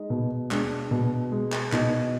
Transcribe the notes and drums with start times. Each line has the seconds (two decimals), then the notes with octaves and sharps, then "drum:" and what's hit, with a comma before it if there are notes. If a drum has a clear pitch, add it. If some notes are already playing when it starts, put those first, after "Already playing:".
Already playing: G#3 D#4
0.10 B2
0.51 G#3 D4, drum: clap
0.91 B2
1.32 G#3
1.52 drum: clap
1.72 B2 D#4, drum: clap